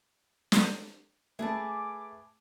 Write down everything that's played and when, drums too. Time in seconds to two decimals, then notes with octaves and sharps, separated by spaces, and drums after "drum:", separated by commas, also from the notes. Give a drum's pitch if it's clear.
0.52 drum: snare
1.39 A3 G#4 B4 A5 D6